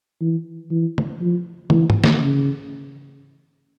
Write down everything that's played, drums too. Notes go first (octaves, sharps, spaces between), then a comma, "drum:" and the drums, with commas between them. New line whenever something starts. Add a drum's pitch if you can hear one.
E3
E3
drum: tom
F3
E3, drum: tom
drum: tom
drum: snare
C#3